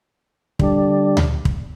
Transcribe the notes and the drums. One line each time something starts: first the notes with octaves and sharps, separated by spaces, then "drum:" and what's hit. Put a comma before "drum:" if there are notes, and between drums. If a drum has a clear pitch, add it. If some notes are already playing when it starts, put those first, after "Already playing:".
D3 G3 D4, drum: kick
drum: tom D2
drum: kick